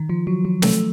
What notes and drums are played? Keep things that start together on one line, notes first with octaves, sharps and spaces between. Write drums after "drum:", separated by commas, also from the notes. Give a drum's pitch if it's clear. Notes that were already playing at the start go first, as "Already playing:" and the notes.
Already playing: D#3
F3
F#3
F#3
A3, drum: snare